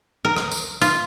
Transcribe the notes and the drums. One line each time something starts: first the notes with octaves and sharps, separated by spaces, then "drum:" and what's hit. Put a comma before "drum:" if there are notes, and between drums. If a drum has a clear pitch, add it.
A#4
drum: rim click
drum: tambourine
F4, drum: tambourine